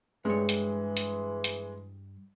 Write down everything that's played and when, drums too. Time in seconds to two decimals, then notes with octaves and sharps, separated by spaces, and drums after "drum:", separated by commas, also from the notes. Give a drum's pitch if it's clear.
0.25 G2 E3 G#3 C#5
0.49 drum: hi-hat
0.97 drum: hi-hat
1.44 drum: hi-hat